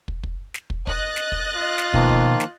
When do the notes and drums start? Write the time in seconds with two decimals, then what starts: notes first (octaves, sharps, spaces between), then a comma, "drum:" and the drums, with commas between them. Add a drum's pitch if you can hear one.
0.08 drum: kick
0.23 drum: kick
0.54 drum: snare
0.70 drum: kick
0.87 D#5 F#6 A6, drum: kick
1.16 drum: snare
1.32 drum: kick
1.56 F4
1.78 drum: snare
1.94 B2 D#3 F3 A#3, drum: kick
2.09 drum: kick
2.40 drum: snare